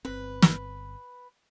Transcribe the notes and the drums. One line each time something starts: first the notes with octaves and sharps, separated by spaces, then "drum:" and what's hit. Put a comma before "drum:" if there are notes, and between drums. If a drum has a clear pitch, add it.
G1 C4 B4
drum: snare